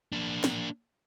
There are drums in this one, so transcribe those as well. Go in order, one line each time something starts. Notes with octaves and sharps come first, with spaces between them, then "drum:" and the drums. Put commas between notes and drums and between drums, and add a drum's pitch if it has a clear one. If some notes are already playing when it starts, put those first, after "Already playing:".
A#3 D4
drum: snare